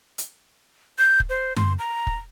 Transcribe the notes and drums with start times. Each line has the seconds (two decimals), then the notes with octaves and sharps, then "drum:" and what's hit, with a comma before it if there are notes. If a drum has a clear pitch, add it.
0.18 drum: hi-hat
0.98 G6
1.20 drum: kick
1.29 C5
1.56 C6, drum: tom F#2
1.79 A#5
2.07 drum: kick